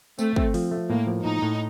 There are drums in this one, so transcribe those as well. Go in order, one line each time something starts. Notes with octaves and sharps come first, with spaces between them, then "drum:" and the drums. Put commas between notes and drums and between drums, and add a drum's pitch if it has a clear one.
A3 C4, drum: tambourine
C4, drum: kick
F3, drum: open hi-hat
A3
A2 A#3
F3
A2 D#4
A2